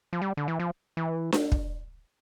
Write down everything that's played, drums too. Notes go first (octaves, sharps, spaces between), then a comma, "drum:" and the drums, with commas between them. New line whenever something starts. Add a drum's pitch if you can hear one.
F3
G3
D3
E3
F3
E3
drum: snare D4
drum: kick